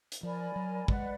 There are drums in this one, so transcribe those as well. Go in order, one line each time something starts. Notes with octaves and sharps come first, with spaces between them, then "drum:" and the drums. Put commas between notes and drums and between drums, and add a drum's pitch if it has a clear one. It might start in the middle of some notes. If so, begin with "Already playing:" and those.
drum: hi-hat
F3 A#4 D5 G#5 B5
F#3
G#3 B4 D5 F#5, drum: kick